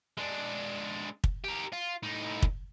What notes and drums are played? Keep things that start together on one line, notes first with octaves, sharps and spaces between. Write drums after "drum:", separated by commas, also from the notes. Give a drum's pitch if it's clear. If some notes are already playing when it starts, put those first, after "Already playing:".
G#3 D4
drum: kick
G4 A#4
F4
A2 D#4
drum: kick